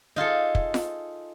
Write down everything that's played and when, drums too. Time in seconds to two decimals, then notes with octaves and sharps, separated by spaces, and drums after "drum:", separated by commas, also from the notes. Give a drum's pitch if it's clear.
0.16 D#4 F4 G#4 A4
0.55 drum: kick
0.74 drum: snare F4